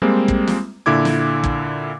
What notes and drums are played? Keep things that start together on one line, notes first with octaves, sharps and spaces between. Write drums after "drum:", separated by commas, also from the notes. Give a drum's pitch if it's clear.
G3 G#3 A#3 C4
drum: kick
drum: snare
A#2 D3 E4 D6 G#6
drum: snare
drum: kick